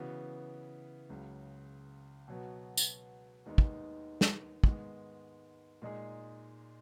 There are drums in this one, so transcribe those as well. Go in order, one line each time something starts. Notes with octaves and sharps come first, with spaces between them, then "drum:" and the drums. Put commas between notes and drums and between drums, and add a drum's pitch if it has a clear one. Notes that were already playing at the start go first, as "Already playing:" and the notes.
Already playing: C#3 E3 B3 F#4
C#2 C#3 F#3
B2 F#3 B3
drum: tambourine
D#2 D#3 G#3 B3 D#4
drum: kick
drum: snare
G#2 D#3 G#3 B3, drum: kick
A#2 G#3 D#4 G#4